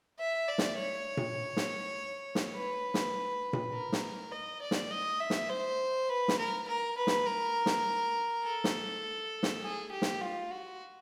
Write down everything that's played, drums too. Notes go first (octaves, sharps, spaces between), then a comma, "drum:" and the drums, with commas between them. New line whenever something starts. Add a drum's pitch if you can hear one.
E5
D5
drum: snare
C#5
drum: tom A#2
drum: snare
drum: snare
B4
drum: snare
drum: tom A#2
A#4
drum: snare
D#5
D5
drum: snare
D#5
E5
drum: snare
C5
B4
drum: snare
A#4
A#4
B4
drum: snare
A#4
drum: snare
A4
drum: snare
drum: snare
G#4
G4
drum: snare
F4
F#4